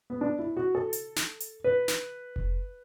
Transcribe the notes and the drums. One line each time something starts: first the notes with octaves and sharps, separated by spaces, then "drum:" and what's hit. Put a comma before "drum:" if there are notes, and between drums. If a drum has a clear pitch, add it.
B3
D4
E4
F#4
A4
drum: hi-hat
drum: snare
drum: hi-hat
B4
drum: snare
drum: kick F1